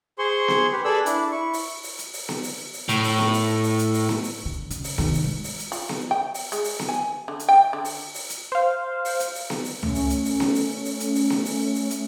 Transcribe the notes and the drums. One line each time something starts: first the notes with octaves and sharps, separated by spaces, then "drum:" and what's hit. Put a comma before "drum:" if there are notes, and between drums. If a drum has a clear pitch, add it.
G#4 C5 C6 C#6
drum: snare B3
G4 B4
G#4 A4 B4 D5 B5 E6
D4 E4, drum: hi-hat
E4 C#6
drum: open hi-hat
drum: open hi-hat
drum: hi-hat
drum: open hi-hat
drum: snare B3
drum: open hi-hat
drum: open hi-hat
A2, drum: hi-hat
drum: open hi-hat
drum: snare B3
drum: open hi-hat
drum: open hi-hat
drum: hi-hat
drum: open hi-hat
drum: snare B3
drum: open hi-hat
D3
C#3, drum: hi-hat
drum: open hi-hat
C3 D#3, drum: snare B3
drum: open hi-hat
G#3
drum: open hi-hat
drum: hi-hat
F4, drum: open hi-hat
drum: snare B3
G5
drum: open hi-hat
G#3, drum: hi-hat
drum: open hi-hat
drum: snare B3
G#5
D3
drum: hi-hat
G5
D3
drum: open hi-hat
drum: open hi-hat
drum: hi-hat
C5 F5
drum: open hi-hat
drum: hi-hat
drum: open hi-hat
drum: snare B3
drum: open hi-hat
A3 C#4, drum: tom C#2
drum: open hi-hat
drum: hi-hat
drum: open hi-hat
drum: snare B3
drum: open hi-hat
drum: open hi-hat
drum: hi-hat
drum: open hi-hat
drum: snare B3
drum: open hi-hat
drum: open hi-hat
drum: hi-hat